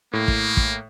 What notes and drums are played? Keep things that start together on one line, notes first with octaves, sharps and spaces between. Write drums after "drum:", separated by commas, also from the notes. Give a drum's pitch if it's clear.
A2 A#3
drum: kick
drum: kick